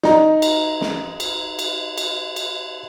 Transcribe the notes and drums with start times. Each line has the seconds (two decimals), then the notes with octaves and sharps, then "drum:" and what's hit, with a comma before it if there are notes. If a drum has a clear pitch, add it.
0.03 D#4 A#5, drum: snare
0.42 drum: cymbal
0.81 drum: snare
1.20 drum: cymbal
1.59 drum: cymbal
1.98 drum: cymbal
2.36 drum: cymbal